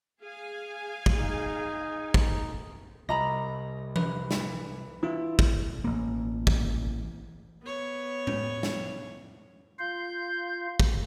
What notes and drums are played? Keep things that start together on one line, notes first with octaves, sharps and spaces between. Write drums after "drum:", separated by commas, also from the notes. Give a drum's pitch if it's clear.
G#4 F5 G#5
drum: kick
D#4
drum: kick
C2 D#5 A#5 B5 A#6
B4, drum: tom E3
drum: snare
E3 E4 F4
drum: kick
A1 A#3
drum: kick
B3 C#5
drum: tom A2
drum: snare
F4 F5 G6
drum: kick